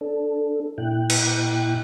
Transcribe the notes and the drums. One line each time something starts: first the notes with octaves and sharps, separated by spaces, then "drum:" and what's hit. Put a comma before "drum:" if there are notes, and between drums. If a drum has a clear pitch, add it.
D4 A4
A#2 E4 G5 F#6
drum: cymbal